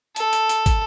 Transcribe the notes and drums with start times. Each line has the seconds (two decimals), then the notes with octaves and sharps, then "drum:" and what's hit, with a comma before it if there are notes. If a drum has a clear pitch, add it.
0.16 A4, drum: hi-hat
0.33 drum: hi-hat
0.49 drum: hi-hat
0.66 drum: kick, hi-hat